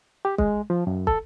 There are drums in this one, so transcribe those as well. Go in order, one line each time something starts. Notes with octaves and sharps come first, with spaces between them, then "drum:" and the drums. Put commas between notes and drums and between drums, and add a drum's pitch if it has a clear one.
G4
G#3, drum: kick
F3
F#2
A4, drum: kick